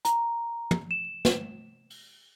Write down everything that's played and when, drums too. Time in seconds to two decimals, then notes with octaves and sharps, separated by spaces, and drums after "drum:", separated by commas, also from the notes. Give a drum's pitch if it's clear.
0.05 A#5, drum: hi-hat
0.71 drum: tom
0.91 E7
1.25 drum: snare
1.90 drum: open hi-hat